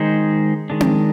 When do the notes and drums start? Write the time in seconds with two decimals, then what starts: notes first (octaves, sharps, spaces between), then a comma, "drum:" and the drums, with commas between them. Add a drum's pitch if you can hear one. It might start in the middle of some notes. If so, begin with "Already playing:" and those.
Already playing: D#3 G#3 D#4 G#4 C5
0.70 D#3 G#3 D4
0.81 drum: tom C4